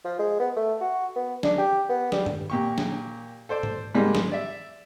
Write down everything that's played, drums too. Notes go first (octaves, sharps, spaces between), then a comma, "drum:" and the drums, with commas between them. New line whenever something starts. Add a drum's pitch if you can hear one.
F3
G#3
B3
A3
F#4
B3
D4, drum: snare
G4
B3
G3, drum: snare
drum: tom
A#2 G4 C#6
drum: snare
A4 C5 D5
drum: tom G#2
G#2 G3 G#3 A#3 D#4
drum: snare
D5 E5